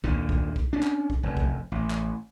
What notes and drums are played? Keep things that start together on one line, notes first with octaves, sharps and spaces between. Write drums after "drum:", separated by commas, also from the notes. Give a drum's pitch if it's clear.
D#2 A#2 D3, drum: kick B1
drum: kick B1
drum: kick B1
C#4 D4
drum: clap
drum: kick B1
F1 F#2
drum: kick B1
A1
drum: clap